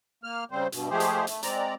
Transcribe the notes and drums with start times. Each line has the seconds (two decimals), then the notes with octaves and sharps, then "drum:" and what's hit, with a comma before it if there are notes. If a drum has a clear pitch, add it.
0.24 A#3 F6
0.51 C#3 G3 C4 C5
0.72 G2 B2, drum: hi-hat
0.90 F3 G#3 A3 G4 G#4 C5
1.00 drum: hi-hat
1.27 A3, drum: hi-hat
1.43 G#3 C4 D5 A#5, drum: hi-hat